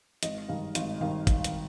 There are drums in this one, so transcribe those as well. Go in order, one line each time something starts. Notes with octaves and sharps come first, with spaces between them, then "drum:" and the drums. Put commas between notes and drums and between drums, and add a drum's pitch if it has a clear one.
G#1 D#5, drum: hi-hat
G2 D#3 F5
G#1 F5, drum: hi-hat
G2 D#3 F5
drum: kick A1, hi-hat
drum: hi-hat